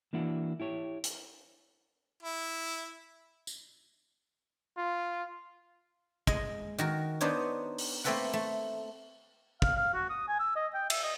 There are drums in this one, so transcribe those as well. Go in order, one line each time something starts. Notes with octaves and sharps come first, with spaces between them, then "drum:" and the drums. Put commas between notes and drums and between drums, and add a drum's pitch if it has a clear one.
E3 A#3 D4 E4 F#4
E4 G4 C#5
drum: hi-hat
E4
drum: tambourine
F4
G#3 D#5, drum: kick
D#3 F#4 A#4
B3 D4 D#4 C5 C#5
drum: open hi-hat
A3 A#3 C4 A4 B4 F#5
A3
F5, drum: kick
F5
F#4
D#6
G#5
E6
D#5
G5
E5, drum: cymbal
D#5